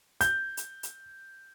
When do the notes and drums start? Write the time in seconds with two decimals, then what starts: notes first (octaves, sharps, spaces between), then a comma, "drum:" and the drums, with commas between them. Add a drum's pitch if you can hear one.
0.21 G6, drum: hi-hat
0.57 drum: hi-hat
0.83 drum: hi-hat